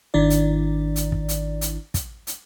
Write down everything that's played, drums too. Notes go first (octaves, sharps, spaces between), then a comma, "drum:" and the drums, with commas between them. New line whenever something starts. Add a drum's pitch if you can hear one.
G#1 D#3 D4 E4 D5
drum: hi-hat
drum: hi-hat
drum: kick
drum: hi-hat
drum: hi-hat
drum: kick, hi-hat
drum: hi-hat